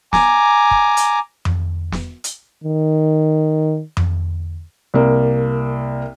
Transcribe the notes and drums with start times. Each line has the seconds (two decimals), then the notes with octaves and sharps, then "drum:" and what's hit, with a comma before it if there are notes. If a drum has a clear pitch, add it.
0.13 G#5 A#5 D6, drum: snare
0.71 drum: kick
0.97 drum: hi-hat
1.45 drum: tom F2
1.92 drum: snare
2.24 drum: hi-hat
2.64 D#3
3.97 drum: tom F2
4.94 C2 A#3